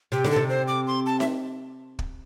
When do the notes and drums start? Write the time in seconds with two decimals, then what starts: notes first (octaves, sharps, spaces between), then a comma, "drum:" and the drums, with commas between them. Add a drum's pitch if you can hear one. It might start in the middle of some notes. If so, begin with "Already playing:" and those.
0.12 C3 G4
0.24 D3, drum: snare D#4
0.31 A4
0.36 C3
0.49 C5
0.68 D6
0.87 C6
1.06 A5
1.20 E5, drum: snare D#4
1.99 drum: kick